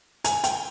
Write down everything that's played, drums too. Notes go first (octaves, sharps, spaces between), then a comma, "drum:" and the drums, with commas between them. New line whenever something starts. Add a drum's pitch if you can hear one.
G#5, drum: hi-hat
G5, drum: hi-hat